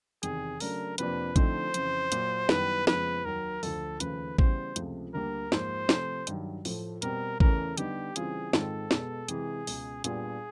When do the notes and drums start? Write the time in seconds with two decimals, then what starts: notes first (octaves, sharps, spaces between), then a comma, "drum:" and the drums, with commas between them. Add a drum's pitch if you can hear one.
0.23 E2 C3 D#3 G#4, drum: hi-hat
0.60 C#3 F#3 A3 D4 A#4, drum: open hi-hat
0.98 F2 C3 F3 A#3 D4 B4, drum: hi-hat
1.36 D3 F3 A3 C4 D#4 C5, drum: kick A1, hi-hat
1.74 F2 C#3 E3, drum: hi-hat
2.12 A#2 F#3 A#3, drum: hi-hat
2.49 F#2 D#3 G3 B3 E4 B4, drum: snare
2.87 F2 C#3 F3 G#3 B3 B4, drum: snare
3.25 D#2 D#3 F#3 A#4
3.63 D2 D3 F3 A4, drum: open hi-hat
4.00 D#2 C#3 F3 A3 B4, drum: hi-hat
4.39 C#3 E3 G3 B3 C5, drum: kick A1
4.76 C#2 C3 F3 A3, drum: hi-hat
5.14 D2 D3 G3 A#3 A#4
5.52 G#2 F3 A#3 C5, drum: snare
5.89 C3 F3 A3, drum: snare
6.27 G2 D#3 F#3, drum: hi-hat
6.65 A2 F3 A3, drum: open hi-hat
7.02 B2 G3 C4 A#4, drum: hi-hat
7.40 E2 C#3 E3 A3 C#4 A#4, drum: kick A1
7.78 D3 G3 B3 D#4 G4, drum: hi-hat
8.16 C#3 E3 G3 C4 F4 G#4, drum: hi-hat
8.53 G#2 D#3 G#3 C4 F4 A4, drum: snare
8.91 B2 G#3 B3, drum: snare
9.29 C3 E3 G#3 G#4, drum: hi-hat
9.67 C#2 B2 G#3, drum: open hi-hat
10.04 A#2 G3 B3 D4 F4 G#4, drum: hi-hat